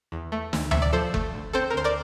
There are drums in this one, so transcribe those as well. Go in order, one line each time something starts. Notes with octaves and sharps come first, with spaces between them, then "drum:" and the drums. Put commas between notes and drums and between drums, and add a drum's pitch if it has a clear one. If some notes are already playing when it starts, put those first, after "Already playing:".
E2
A3
D2, drum: snare
C3 E5, drum: tom D2
D5
F3 A4 C5
A3, drum: kick F#1
D2
C4 A4 C5
A#4
D2 C5
A#4 D5